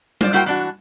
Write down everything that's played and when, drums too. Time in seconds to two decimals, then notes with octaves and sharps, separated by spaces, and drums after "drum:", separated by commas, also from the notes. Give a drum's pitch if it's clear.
0.21 F4 C5 D5, drum: tom G3
0.33 A#3 E4 F#4 A#4 C5 G5
0.46 E3 D4 F#4